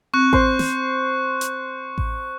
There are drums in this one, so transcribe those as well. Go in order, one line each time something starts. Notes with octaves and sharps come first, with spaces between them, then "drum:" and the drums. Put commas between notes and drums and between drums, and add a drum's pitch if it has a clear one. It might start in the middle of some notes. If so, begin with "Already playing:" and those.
C4 C#6 F#6 C#7
C5, drum: kick A1
drum: snare
drum: hi-hat
drum: kick A1